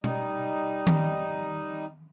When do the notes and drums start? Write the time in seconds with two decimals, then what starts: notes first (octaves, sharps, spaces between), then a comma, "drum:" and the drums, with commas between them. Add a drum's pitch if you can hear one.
0.04 G3 D#4, drum: tom B2
0.87 drum: tom D#3